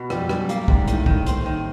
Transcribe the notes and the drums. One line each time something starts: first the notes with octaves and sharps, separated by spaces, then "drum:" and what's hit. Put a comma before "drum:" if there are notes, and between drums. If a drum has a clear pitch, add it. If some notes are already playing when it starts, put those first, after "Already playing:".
Already playing: B2
F2 F3 G3, drum: rim click
F#2 F#3 G3, drum: rim click
A#3, drum: hi-hat
G#2 G3 G#3, drum: kick
A2 D#3 A3, drum: hi-hat
D#3, drum: kick
C4, drum: hi-hat
D#3